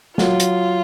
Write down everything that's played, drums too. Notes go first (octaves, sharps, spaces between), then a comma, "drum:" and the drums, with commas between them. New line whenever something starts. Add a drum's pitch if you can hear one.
F#3 F4, drum: snare
drum: hi-hat